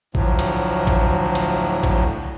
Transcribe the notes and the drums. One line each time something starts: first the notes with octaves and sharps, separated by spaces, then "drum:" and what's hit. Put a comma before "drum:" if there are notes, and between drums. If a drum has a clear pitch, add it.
D2 A2 F3 F#3, drum: kick A1
drum: cymbal
drum: kick A1, cymbal
drum: cymbal
drum: kick A1, cymbal